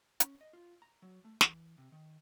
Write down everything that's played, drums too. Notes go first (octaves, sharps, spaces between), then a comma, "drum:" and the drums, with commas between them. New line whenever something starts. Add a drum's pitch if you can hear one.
C#4, drum: hi-hat
D#5
F4
A#5
F#3
A3
E3, drum: snare
C3
D#3